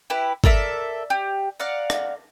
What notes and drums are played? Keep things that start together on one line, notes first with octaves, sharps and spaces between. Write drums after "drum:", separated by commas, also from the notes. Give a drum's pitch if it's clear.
E4 G4 B4
A4 A#4 D5 E5, drum: kick G1
G4
D5 F5 F#5 A#5
drum: rim click